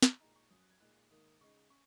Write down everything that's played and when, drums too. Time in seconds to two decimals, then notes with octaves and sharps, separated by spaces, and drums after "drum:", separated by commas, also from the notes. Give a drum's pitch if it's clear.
0.02 drum: snare
0.20 A#2 G#3 D#4 A#5
0.36 C#6
0.50 F#2 F#3 C#4 D#6
0.60 F#6
0.70 G#6
0.80 A#2 G#3 D#4 F#6
1.10 G#2 D#3 A#3 D#6
1.41 C#3 G#3 D#4 C#6
1.70 C#4 C#6